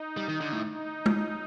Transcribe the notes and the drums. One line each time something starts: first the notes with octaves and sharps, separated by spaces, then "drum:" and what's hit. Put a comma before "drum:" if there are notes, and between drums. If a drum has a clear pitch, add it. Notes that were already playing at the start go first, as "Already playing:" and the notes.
Already playing: D#4
G3
D#3
D3
A2
D#4
drum: tom